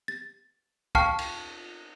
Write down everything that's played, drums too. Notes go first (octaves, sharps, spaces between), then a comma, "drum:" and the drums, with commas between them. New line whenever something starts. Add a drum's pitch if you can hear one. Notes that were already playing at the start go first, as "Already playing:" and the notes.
A6
F5 G5 A5 C#6 F6 C7, drum: kick
drum: cymbal